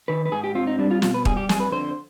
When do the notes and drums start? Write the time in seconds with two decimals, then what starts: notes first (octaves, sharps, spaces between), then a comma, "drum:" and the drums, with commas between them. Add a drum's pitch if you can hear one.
0.08 D#3 B4
0.26 B4
0.32 G#2 G#4
0.44 G4
0.55 C4 F4
0.67 D#4
0.78 G3 D4
0.91 F4
1.02 B2 F4, drum: snare
1.14 B4
1.25 G3 G#4, drum: kick
1.37 G4
1.49 F2 G#4, drum: snare
1.60 B4
1.72 D3 C5